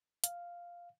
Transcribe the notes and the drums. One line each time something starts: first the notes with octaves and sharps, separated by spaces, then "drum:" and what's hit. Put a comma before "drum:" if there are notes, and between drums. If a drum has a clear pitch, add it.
F5, drum: hi-hat